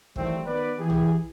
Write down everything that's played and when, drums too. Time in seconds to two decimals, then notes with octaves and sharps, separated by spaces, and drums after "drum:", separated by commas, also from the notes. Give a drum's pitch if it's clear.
0.16 D#3 E3 F#3 G3 A3 C4, drum: kick
0.45 D#3 B3 B4 D5
0.79 E3 G4 G#4
0.90 drum: tom